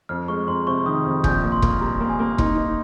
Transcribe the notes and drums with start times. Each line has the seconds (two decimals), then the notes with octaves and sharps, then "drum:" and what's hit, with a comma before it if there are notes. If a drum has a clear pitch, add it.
0.09 F2 F6
0.28 G#3 C#6
0.48 F2 C6
0.67 C3 C#6
0.86 D#3 D#6
1.05 F2
1.24 A#1 G6, drum: kick E1
1.44 A#3
1.52 C6
1.62 A#3, drum: kick E1
1.81 G3 A#5
2.00 A#3
2.10 G#5
2.19 A#3
2.38 D#4 C6, drum: kick E1
2.57 D#4